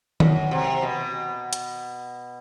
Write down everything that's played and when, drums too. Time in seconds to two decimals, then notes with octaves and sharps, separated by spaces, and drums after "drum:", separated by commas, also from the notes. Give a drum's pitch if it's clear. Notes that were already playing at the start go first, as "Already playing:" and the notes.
0.20 F#2, drum: tom D#3
0.51 C3
0.82 B2
1.53 drum: hi-hat